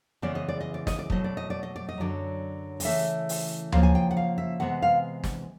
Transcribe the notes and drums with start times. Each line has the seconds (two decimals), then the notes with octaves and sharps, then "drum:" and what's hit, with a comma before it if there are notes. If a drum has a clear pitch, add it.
0.22 C#3 E3 G#3 B3 D5
0.35 D#5
0.48 D5
0.60 D#5
0.74 D5
0.87 D#5, drum: snare
0.99 D5
1.10 B2 F#3 A3 D#5, drum: kick
1.24 D5
1.37 D#5
1.50 D5
1.63 D#5
1.76 D5
1.89 D#5
1.98 F#2 D3 F#3 D5
2.80 D#5, drum: open hi-hat
2.85 C#3 E3 A3 E5
3.29 drum: open hi-hat
3.72 C#3 F3 A#3 F5, drum: tom D2
3.83 G#5
3.95 G5
4.11 F#5
4.17 F5
4.38 E5
4.60 C3 E3 G#3 B3 F#5
4.82 F5
5.24 drum: snare